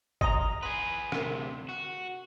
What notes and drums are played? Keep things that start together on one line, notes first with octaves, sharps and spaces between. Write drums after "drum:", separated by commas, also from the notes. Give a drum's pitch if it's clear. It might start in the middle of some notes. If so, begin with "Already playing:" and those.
D#5 F#5 A#5 C6 D#6, drum: kick
G#4 B4 F#5 C6
D2 C3 G#4 A#4, drum: rim click
F#4